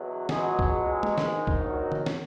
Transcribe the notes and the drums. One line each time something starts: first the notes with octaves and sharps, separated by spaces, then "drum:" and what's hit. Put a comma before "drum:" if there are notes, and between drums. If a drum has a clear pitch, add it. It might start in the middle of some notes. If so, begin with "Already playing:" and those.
Already playing: E2 B2 F#3
C#2 B2 F#3 G#3 G#4, drum: snare
drum: kick
G#3 G#4
drum: tom
A#1 G#2 D#3, drum: snare
drum: kick
F#3 F#4
drum: tom
drum: snare